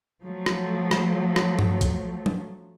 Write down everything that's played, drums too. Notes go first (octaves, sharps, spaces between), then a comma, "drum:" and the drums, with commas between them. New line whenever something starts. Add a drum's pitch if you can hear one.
F3 F#3 A3
drum: rim click
drum: rim click
drum: rim click
drum: tom G2
drum: kick, hi-hat
drum: tom F#3